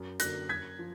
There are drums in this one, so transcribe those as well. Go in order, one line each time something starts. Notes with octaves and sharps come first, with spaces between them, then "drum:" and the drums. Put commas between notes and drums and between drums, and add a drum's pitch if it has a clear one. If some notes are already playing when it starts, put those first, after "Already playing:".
Already playing: F#2
D3 F#3 A#3 F#6 A#6, drum: hi-hat
F#2 G#6 B6
F3